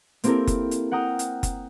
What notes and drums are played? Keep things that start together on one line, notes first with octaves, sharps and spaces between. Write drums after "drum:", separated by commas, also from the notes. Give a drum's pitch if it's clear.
A#3 C4 E4 G4 A4 A#4, drum: hi-hat
drum: kick F#1, hi-hat
drum: hi-hat
F#5 G5 A#5 D#6 F6
drum: hi-hat
drum: kick F#1, hi-hat